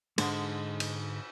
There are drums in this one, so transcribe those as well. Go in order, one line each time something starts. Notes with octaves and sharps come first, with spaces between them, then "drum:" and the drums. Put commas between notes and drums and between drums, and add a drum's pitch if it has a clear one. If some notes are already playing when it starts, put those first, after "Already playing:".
G#2 D3 G#3, drum: cymbal
drum: cymbal